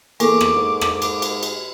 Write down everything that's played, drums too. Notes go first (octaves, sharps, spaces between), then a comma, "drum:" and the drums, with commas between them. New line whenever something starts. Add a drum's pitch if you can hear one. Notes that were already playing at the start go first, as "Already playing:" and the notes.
E2 A#3 A4 A#4 C#6 D6, drum: cymbal
drum: rim click
G#2
drum: rim click
drum: cymbal
drum: cymbal
drum: cymbal